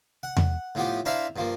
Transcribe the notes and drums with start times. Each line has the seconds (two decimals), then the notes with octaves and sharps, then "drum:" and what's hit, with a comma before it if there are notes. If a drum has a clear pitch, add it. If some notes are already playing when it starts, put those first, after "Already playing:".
0.23 F#5
0.37 drum: tom E2
0.75 A2 F3 B3 G4
1.05 D4 E4 C5 F5 A#5 B5
1.36 G2 F3 A#3